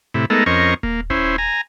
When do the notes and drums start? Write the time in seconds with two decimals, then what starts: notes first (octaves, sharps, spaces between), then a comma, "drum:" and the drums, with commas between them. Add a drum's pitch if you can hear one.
0.14 A2 C3 E4
0.30 G#3 A3 B3 D#4 A4 A#4
0.46 F2 C#4 A#4 C5 D#5 C#6
0.83 A#3, drum: kick D#1
1.10 C#4 E4 C5, drum: kick D#1
1.38 G#5 A#5